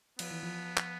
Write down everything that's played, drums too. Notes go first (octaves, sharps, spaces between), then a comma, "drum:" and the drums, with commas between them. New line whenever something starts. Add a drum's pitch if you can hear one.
F3 B3, drum: cymbal
E3
F3
drum: clap